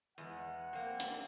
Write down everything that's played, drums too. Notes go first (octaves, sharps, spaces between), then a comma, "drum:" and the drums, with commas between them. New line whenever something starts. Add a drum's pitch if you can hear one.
E2 G#3 F#5
A#3 C4
drum: hi-hat